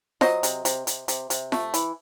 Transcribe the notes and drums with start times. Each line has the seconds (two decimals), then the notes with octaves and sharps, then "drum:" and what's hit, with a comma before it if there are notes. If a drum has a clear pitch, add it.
0.21 F#3 C5 D#5, drum: snare F4
0.43 C3, drum: hi-hat
0.65 C3, drum: hi-hat
0.87 C3, drum: hi-hat
1.08 C3, drum: hi-hat
1.30 C3, drum: hi-hat
1.52 A3, drum: snare F4
1.74 E3, drum: hi-hat